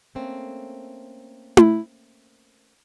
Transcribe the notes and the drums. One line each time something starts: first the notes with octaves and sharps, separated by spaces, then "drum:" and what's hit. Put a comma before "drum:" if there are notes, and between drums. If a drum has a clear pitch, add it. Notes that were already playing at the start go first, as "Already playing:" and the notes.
A3 A#3 C4 C#4
drum: tom E4